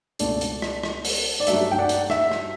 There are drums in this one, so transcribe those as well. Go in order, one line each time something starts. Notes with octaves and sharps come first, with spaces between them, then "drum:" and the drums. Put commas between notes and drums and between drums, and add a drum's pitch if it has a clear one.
C#2 B2 A3 D4 D5, drum: hi-hat
drum: hi-hat
drum: rim click
drum: rim click
drum: open hi-hat
D5
G2 F#3 A3 E5, drum: hi-hat
G5
D5 F#5
drum: hi-hat
E5, drum: rim click
drum: rim click